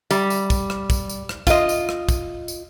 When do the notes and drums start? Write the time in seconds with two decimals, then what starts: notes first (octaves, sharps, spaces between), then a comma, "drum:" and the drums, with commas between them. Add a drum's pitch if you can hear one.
0.11 G3, drum: tambourine
0.30 drum: tambourine
0.50 drum: kick, tambourine
0.70 drum: rim click
0.90 drum: kick, tambourine
1.10 drum: tambourine
1.29 drum: rim click
1.47 F4 D#5, drum: kick, tambourine
1.69 drum: tambourine
1.89 drum: rim click
2.09 drum: kick, tambourine
2.48 drum: tambourine